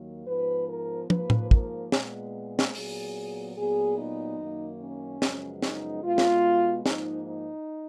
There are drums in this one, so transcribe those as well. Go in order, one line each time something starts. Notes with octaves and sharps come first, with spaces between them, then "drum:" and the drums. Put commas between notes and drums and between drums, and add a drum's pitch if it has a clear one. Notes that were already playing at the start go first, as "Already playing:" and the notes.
Already playing: D#2 D#3 F#3 A#3
G#2 F3 B3 B4
A#4
G#2 F3 A#3 B4, drum: tom
drum: tom A2
A#4, drum: kick
A#2 G#3 B3, drum: snare
drum: snare
A#2 F#3 B3 G#4, drum: open hi-hat
A#2 F#3 B3 G#4
D#4
F#2 D#3 A#3
C#4
F#2 C#3 F3 G#3 B3, drum: snare
D#4, drum: snare
B2 G#3 B3 F4
drum: snare
G#2 F3 A#3 D#4, drum: snare
D#4